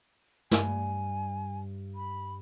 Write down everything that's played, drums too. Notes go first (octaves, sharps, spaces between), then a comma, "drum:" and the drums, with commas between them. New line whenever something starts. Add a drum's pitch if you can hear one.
G2 G#5, drum: snare
B5